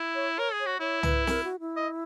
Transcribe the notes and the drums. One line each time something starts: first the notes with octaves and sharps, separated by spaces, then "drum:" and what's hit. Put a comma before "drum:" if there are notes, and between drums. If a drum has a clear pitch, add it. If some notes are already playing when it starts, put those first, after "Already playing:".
Already playing: E4
C#5
A#4 C#5
G#4
C#5
F#4
E4 C#5
B4, drum: tom
A#4, drum: snare
F#4
E4
D#5